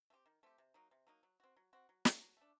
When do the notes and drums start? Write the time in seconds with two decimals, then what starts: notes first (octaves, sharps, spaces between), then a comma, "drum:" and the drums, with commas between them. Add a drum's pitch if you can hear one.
0.10 A3 C4 G4
0.26 D#3
0.43 A3 C4 G4
0.58 C3
0.74 F#3 A#3 D#4
0.91 C3
1.07 F#3 A#3 D#4
1.23 F#3
1.40 C4 F#4
1.56 F#3
1.73 C4 F#4
1.89 F#3
2.05 A3 D4, drum: snare
2.21 F#3
2.37 A3 D4